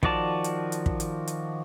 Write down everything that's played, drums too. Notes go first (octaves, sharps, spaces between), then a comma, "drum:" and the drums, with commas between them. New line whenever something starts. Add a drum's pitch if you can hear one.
D#3 F3 F#4 D5 A5, drum: kick
drum: hi-hat
drum: hi-hat
drum: kick
drum: hi-hat
drum: hi-hat